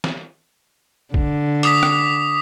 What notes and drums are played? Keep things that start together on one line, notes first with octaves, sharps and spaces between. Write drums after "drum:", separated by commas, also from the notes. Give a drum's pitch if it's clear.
drum: snare
D3, drum: kick
D6 D#6 B6, drum: hi-hat
drum: rim click